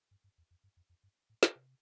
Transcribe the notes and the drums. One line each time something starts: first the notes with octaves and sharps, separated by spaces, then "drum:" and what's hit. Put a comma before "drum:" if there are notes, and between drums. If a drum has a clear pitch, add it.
G2
G2
E2
F2
G2
F2
F2
G2
A2
B2, drum: snare
C3